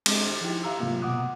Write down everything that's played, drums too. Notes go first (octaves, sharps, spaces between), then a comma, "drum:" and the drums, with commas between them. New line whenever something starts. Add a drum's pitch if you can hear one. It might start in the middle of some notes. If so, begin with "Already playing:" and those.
G#3 C4 D4 G4 G#4 D#5, drum: cymbal
A6
F3 D#4 E4 G4
E5 F5 A#5 E6
G#2 C3 F#3 A3 A#3 F4
B2 F#5 D6 D#6 F#6